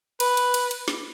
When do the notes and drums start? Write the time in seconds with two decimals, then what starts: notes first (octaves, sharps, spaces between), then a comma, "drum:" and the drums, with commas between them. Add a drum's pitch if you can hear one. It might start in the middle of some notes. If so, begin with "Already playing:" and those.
0.20 B4, drum: cymbal
0.37 drum: cymbal
0.54 drum: cymbal
0.71 drum: cymbal
0.88 drum: snare